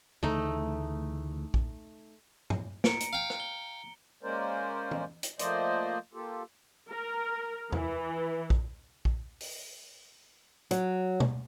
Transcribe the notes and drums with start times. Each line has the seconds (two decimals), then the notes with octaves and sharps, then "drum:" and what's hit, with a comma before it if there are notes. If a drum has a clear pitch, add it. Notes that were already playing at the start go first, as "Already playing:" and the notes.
0.23 D2 C#3 E3 A3 D#4
1.54 drum: kick A#1
2.50 drum: tom G2
2.84 A#5 C#7 D7, drum: snare
3.00 drum: hi-hat
3.13 F5 G5
3.30 drum: rim click
3.40 G7
4.23 G#3 A#3 C#4 A#4 C5 D5
4.91 drum: tom
5.23 drum: hi-hat
5.39 F3 A3 A#3 C5 D5 D#5, drum: hi-hat
6.13 A#3 F4 G4 A4
6.90 A#4
7.72 E3, drum: tom E2
8.50 drum: kick A#1
9.05 drum: kick A#1
9.40 drum: open hi-hat
10.71 F#3, drum: hi-hat
11.20 drum: tom B2